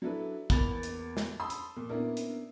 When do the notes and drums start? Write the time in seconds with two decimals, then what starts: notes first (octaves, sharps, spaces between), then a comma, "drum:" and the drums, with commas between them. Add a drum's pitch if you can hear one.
0.02 F#3 D4 E4 A4 B4
0.50 E2 A#3 B3 B5 A6 F7, drum: kick, hi-hat
0.83 drum: hi-hat
1.17 drum: snare
1.40 A5 B5 C6 D#6 E6
1.50 drum: hi-hat
1.76 A#2
1.89 A#3 B3 C#4 D4 E4 A#4
2.17 drum: hi-hat